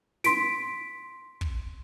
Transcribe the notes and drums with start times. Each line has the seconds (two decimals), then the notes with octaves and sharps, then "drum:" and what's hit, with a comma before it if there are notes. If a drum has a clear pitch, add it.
0.24 C6 B6 D7, drum: snare
1.41 drum: kick